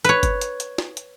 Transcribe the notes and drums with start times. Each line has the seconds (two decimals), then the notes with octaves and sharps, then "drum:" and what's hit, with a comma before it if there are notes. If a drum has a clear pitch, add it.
0.05 B4 C#5, drum: hi-hat
0.23 drum: kick G1, hi-hat
0.41 drum: hi-hat
0.60 drum: hi-hat
0.78 drum: snare
0.97 drum: hi-hat